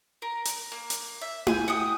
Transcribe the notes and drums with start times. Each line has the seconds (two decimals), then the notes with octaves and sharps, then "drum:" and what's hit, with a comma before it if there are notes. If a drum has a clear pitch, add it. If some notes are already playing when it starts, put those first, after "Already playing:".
0.22 A#4
0.45 drum: hi-hat
0.72 A#3
0.90 drum: hi-hat
1.21 E5
1.47 E5 G#5 G6, drum: tom E4
1.68 F#5 G5 D#6